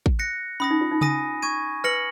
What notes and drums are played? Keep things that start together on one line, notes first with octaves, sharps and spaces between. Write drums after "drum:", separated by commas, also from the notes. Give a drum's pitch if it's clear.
drum: kick A1
F#6 A#6 C#7
C#4 B5 D#6 A#6
D#4
F4
D#4
G#5 D#6 A#6 D#7, drum: tom C#3
C#6 G#6 D#7
B4 F6 A#6 C#7 F#7